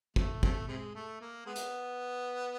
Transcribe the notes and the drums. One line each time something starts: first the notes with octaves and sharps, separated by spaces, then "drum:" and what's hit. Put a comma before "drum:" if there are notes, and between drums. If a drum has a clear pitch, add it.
C3 A3, drum: kick
C3 A3, drum: kick
C3 G#3
A3
A#3
G#3 B3
drum: hi-hat